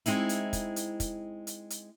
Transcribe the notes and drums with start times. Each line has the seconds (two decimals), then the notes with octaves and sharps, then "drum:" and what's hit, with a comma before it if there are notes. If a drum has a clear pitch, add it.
0.06 G#3 C4 D#4 E4, drum: hi-hat
0.29 drum: hi-hat
0.53 drum: kick, hi-hat
0.76 drum: hi-hat
1.00 drum: kick, hi-hat
1.47 drum: hi-hat
1.70 drum: hi-hat